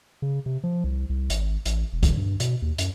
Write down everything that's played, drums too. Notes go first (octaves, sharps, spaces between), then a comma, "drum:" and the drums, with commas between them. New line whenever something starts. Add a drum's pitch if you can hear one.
C#3
C3
F3
C2
C2
G#1, drum: hi-hat
A1, drum: hi-hat
E1
drum: kick, hi-hat
G2
B2, drum: hi-hat
D#2
F#2, drum: hi-hat